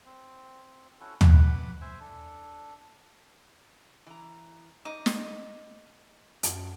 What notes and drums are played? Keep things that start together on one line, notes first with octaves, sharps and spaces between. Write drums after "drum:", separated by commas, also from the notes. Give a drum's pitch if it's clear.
C4
C#4 E4 F#4 A4
B4 F#5 B5 D6, drum: tom
C5 E5 G#5
D4 A4
E3 A#5
D#4 D#5 D6
drum: snare
F#2 A3, drum: hi-hat